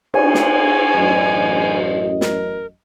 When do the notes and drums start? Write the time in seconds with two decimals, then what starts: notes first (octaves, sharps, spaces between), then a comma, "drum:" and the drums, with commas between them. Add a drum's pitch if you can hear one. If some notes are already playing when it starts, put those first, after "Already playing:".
0.14 G#5, drum: cymbal
0.35 drum: snare
0.94 A1 F#2 D#5
2.21 A#4, drum: snare